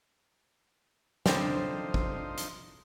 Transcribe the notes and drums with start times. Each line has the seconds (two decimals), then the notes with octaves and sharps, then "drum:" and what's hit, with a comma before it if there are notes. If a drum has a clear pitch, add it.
1.26 D3 F3 C4 D#4 C5, drum: snare
1.94 drum: kick
2.37 drum: hi-hat